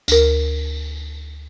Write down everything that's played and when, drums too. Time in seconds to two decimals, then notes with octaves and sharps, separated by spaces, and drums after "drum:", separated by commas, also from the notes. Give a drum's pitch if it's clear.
0.08 D2 A#4, drum: tambourine